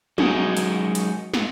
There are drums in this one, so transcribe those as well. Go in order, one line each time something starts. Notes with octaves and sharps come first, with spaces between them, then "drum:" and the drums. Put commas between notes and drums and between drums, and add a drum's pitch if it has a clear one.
F#3 G#3 C#4 D#4 F#4 A#4, drum: tom
drum: hi-hat
drum: hi-hat
drum: snare